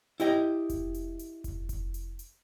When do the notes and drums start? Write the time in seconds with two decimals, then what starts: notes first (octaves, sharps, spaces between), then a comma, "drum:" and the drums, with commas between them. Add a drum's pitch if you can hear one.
0.20 E4 G4 D#5, drum: hi-hat
0.69 drum: kick F1, hi-hat
0.94 drum: hi-hat
1.19 drum: hi-hat
1.44 drum: kick F1, hi-hat
1.69 drum: kick F1, hi-hat
1.94 drum: hi-hat
2.19 drum: hi-hat